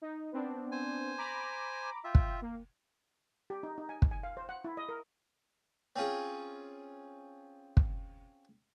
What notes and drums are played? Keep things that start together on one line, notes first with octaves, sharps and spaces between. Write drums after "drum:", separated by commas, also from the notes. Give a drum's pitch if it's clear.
D#4
B3 C4 D4
C5 G#5
A#5 B5 D6
F4 E5 G5
drum: kick
A#3
G4
D#4
D#4
G#5
drum: kick
G#5
F5
C5
F#5
E4
D#5
A#4
C4 C#4 F4 G#4
drum: kick